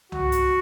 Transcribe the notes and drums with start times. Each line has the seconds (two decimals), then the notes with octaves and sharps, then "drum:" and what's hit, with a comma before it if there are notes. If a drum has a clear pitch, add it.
0.12 F#4, drum: tom C2
0.32 drum: hi-hat